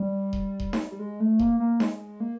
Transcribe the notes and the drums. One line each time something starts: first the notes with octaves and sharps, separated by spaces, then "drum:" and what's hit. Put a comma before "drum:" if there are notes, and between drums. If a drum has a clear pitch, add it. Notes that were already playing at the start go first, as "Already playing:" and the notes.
Already playing: G3
drum: kick D#1
drum: kick D#1
drum: snare D#4
G3
G#3
A3
A#3, drum: kick D#1
A#3
G#3, drum: snare D#4
A#3